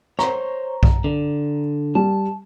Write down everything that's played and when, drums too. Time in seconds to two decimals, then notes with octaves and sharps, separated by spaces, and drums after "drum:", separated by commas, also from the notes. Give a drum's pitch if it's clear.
0.19 C5 C#5 A#5, drum: rim click
0.83 drum: kick B1
1.04 D3
1.95 G3 A5